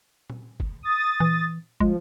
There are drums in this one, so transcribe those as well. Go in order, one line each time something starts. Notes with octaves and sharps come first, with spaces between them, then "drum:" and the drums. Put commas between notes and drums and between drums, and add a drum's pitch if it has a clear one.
drum: tom A#2
drum: kick
D#6 A6
E3, drum: tom A#2
F3 G#3, drum: kick